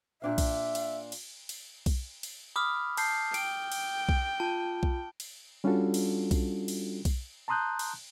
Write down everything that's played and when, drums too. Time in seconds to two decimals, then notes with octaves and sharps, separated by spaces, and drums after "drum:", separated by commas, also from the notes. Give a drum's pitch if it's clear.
0.22 A#2 D4 E5 F5
0.38 drum: kick B1, cymbal
0.75 drum: cymbal
1.12 drum: cymbal
1.49 drum: cymbal
1.86 drum: kick B1, cymbal
2.23 drum: cymbal
2.56 B5 D6 D#6 F6
2.97 A5 G6 C7, drum: cymbal
3.34 G5 D7, drum: cymbal
3.72 drum: cymbal
4.09 drum: kick B1
4.40 F4 A5
4.83 drum: kick B1
5.20 drum: cymbal
5.64 G3 C#4 D4 F4 F#4 A4
5.94 drum: cymbal
6.31 drum: kick B1, cymbal
6.68 drum: cymbal
7.05 drum: kick B1, cymbal
7.48 A5 A#5 C6 D#6 F#6 G6
7.79 drum: cymbal